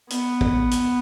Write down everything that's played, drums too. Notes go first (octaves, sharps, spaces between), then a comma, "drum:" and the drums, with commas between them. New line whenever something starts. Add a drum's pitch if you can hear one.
B3, drum: hi-hat
drum: kick
drum: hi-hat